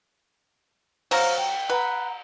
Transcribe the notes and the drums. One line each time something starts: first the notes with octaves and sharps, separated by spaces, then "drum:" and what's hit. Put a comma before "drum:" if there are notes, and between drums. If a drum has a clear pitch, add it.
F#3 C5 F5 A#5 F6, drum: cymbal
G5
B4 F#5 A#5